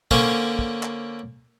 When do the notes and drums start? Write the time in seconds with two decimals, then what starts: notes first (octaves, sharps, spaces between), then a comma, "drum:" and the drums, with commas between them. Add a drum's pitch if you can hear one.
0.11 D3 A#3 C#4 C5 C#5, drum: kick
0.59 drum: kick
0.83 drum: clap